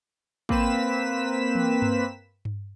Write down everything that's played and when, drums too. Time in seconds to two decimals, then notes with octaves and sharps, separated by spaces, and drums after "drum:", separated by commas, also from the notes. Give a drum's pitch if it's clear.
0.49 A#3 C4 B4 B6 E7, drum: kick
1.55 drum: tom E3
1.82 drum: tom G2
2.45 drum: tom G2